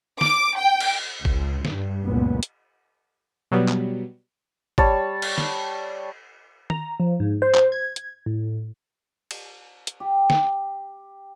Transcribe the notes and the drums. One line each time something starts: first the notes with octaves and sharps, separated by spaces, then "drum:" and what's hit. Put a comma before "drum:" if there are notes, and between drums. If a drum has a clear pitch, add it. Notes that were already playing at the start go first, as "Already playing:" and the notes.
D6, drum: snare
G5
drum: cymbal
C#2, drum: kick
G2, drum: snare
F#1 C#2 A#2 B3
drum: hi-hat
B2 F#3 G3 B3
drum: clap
G3 C#5 A5, drum: kick
drum: cymbal
drum: snare
A#5, drum: tom D#3
F3
G#2
C5
drum: clap
G#6
drum: hi-hat
A2
drum: cymbal
drum: hi-hat
G4
drum: snare